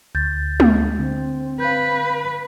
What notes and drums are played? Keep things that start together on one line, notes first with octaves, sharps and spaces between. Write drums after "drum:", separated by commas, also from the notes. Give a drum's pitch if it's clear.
D2 G6 A6
drum: tom G#3
D3 C4
B4 F5 G6